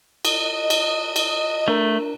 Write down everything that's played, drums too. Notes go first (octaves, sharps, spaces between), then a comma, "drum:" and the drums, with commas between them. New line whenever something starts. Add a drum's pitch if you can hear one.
D#5, drum: cymbal
drum: cymbal
drum: cymbal
A3 D4 A#4